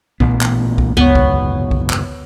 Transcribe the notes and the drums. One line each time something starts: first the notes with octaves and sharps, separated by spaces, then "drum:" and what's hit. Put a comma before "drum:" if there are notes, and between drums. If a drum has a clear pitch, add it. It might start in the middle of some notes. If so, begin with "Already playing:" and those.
A1 A#2 B3, drum: kick C2
drum: clap
drum: kick C2
F#1 D2 G#2 B2 B3 C#5
drum: kick C2
drum: kick C2
drum: clap